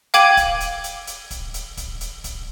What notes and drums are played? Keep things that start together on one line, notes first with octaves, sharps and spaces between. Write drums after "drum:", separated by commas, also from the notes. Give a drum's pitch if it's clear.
F5 G5 D6 G#6 D#7 F#7, drum: hi-hat
drum: kick, hi-hat
drum: hi-hat
drum: hi-hat
drum: hi-hat
drum: kick, hi-hat
drum: hi-hat
drum: kick, hi-hat
drum: hi-hat
drum: kick, hi-hat